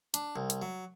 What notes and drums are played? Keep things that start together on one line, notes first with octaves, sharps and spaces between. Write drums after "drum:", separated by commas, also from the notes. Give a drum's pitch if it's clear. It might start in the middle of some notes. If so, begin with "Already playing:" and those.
D4, drum: hi-hat
C2
drum: hi-hat
F#3